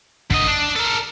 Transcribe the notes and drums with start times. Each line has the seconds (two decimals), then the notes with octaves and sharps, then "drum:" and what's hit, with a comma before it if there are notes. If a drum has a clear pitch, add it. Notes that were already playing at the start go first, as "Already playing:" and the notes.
0.31 D3 D#5, drum: kick
0.47 D4
0.76 A4 A#4